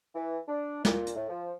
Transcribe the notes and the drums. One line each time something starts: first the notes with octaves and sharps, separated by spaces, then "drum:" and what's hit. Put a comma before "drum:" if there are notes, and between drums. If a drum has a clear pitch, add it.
E3
D4
A#2, drum: snare
drum: hi-hat
A2
F3